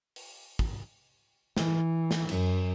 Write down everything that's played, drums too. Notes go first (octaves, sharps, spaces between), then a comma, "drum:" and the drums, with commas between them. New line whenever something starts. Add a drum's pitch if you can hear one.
drum: open hi-hat
drum: kick
E3, drum: snare
drum: snare
F#2, drum: cymbal